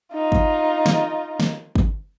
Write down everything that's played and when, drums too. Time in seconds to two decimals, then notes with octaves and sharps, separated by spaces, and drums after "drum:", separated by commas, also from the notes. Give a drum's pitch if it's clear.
0.14 D#4 F4
0.32 drum: kick
0.86 drum: snare
1.40 drum: snare
1.76 drum: kick